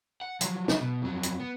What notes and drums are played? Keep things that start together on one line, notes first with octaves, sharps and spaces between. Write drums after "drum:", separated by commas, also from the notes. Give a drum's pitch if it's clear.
F#5
F3 F#3, drum: hi-hat
drum: snare
B2
F2 F#3
drum: hi-hat
B3